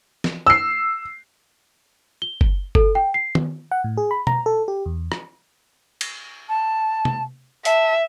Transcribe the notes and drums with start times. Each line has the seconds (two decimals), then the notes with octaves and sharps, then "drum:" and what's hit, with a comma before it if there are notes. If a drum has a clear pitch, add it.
0.24 drum: snare
0.47 E6 C7
2.22 G7
2.41 drum: kick F#1
2.75 A4, drum: kick F#1
2.95 G5
3.14 C7
3.35 drum: tom D#3
3.71 F#5
3.84 A2
3.97 G#4
4.11 B5
4.27 A#5, drum: tom B2
4.46 A4
4.68 G4
4.86 E2
5.12 drum: rim click
6.01 drum: cymbal
6.49 A5
7.05 drum: tom
7.65 E5 A5, drum: hi-hat